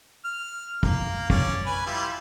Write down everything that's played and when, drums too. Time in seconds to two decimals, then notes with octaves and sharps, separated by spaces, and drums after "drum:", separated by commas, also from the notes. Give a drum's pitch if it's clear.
0.25 F6
0.83 A#3 F5, drum: kick
1.30 C#4 D5, drum: kick
1.66 B4 G#5
1.86 G3 E4 F4